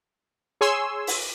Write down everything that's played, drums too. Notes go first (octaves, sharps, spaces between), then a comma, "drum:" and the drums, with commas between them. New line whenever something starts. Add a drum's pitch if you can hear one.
G#4 C#5 G#5 C6 E6
drum: open hi-hat